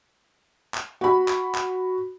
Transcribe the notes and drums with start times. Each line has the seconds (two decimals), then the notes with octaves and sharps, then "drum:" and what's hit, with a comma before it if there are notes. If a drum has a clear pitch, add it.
0.74 drum: clap
1.01 F#4 B5
1.28 drum: clap
1.55 drum: clap